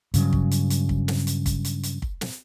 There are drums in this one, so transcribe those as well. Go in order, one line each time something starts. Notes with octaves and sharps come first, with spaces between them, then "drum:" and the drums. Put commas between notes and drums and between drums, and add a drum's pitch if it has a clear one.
G2 C#3 F#3, drum: hi-hat
drum: kick
drum: hi-hat
drum: hi-hat
drum: kick
drum: snare
drum: hi-hat
drum: kick, hi-hat
drum: hi-hat
drum: hi-hat
drum: kick
drum: snare